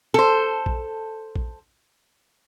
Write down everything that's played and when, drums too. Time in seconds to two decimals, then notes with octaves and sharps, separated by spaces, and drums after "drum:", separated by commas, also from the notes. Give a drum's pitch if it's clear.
0.14 A4 C5
0.66 drum: kick A#1
1.36 drum: kick A#1